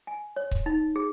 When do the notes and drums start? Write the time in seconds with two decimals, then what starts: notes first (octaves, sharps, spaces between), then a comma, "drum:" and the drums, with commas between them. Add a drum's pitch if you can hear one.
0.07 G#5
0.36 C#5
0.51 drum: kick C#1
0.66 D#4
0.96 G#4